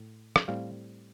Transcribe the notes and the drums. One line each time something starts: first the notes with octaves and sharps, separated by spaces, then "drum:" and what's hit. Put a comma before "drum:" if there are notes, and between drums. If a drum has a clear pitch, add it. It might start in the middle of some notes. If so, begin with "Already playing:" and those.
Already playing: A2
drum: rim click
A2 G3 C4 F5